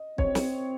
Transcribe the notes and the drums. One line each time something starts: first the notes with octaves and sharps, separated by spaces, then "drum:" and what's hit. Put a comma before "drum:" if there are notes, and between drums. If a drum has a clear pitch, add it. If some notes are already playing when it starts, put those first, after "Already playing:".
Already playing: D#5
C4 C#5, drum: kick B1
drum: snare